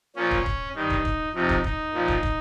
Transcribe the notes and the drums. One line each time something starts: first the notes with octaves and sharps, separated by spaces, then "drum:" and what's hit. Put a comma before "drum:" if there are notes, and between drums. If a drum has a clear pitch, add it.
A#2 F3 C#4
drum: kick
drum: kick
G2 D#3 D#4
drum: kick
drum: kick
F2 C3 F3 D#4
drum: kick
D#4, drum: kick
A#2 F3
drum: kick
drum: kick